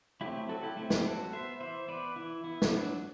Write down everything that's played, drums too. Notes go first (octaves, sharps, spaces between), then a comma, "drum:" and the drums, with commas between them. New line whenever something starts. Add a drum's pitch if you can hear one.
F#3 A3 C4 E4 G4
F#3 F#4 A4
E4 G4
A3 C4 E4
E4 G4, drum: snare
F#3 F#4 A4
B3 C5 E5
E3 C5 E5
B3 B4 D5
E3 E4
B3 E4
drum: snare
F#3 D4 F#4